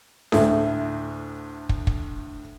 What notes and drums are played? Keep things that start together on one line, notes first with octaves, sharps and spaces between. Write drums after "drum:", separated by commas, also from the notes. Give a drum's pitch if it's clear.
D2 A2, drum: snare D4
drum: kick
drum: kick